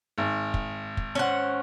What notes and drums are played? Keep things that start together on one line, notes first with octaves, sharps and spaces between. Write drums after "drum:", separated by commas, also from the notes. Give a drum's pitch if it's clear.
G#1
drum: kick
drum: kick
C#4 C5 F#5